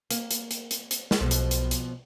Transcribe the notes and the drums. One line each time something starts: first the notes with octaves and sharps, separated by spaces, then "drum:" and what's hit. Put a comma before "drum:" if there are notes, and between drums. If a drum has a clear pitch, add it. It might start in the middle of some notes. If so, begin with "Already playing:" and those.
A#3, drum: hi-hat
drum: hi-hat
drum: hi-hat
drum: hi-hat
drum: hi-hat
drum: snare
B1 B2 F3
drum: hi-hat
drum: hi-hat
drum: hi-hat